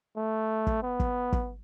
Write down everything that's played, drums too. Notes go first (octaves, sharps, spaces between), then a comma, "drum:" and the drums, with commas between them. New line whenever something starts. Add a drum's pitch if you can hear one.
A3
drum: kick
B3
drum: kick
drum: kick